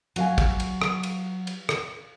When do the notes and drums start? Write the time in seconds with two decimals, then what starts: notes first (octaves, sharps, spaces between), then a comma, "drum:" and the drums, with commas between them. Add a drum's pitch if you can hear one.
0.16 F#3 F5 G#5, drum: cymbal
0.38 drum: kick, cymbal
0.60 drum: cymbal
0.82 drum: rim click
1.03 drum: cymbal
1.47 drum: cymbal
1.69 drum: rim click